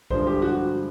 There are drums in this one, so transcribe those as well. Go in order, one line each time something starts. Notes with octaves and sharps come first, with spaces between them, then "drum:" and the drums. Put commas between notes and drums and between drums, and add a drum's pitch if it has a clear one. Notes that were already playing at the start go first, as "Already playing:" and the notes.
G2 D3 F3 G#3 C5, drum: kick B1
G4
F#4